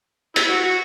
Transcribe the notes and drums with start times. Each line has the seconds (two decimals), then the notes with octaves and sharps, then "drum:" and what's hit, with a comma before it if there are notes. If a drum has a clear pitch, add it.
0.36 E4, drum: hi-hat
0.49 F#4
0.63 F#4